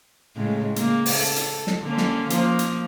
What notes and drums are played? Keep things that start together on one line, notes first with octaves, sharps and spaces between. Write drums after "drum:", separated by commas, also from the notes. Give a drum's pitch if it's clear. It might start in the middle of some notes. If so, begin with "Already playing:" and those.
A2 C#3 G#3
C#3 A#3, drum: hi-hat
drum: open hi-hat
A4
drum: hi-hat
drum: snare
D3 A#3 C#4
drum: snare
F3 A#3, drum: hi-hat
drum: hi-hat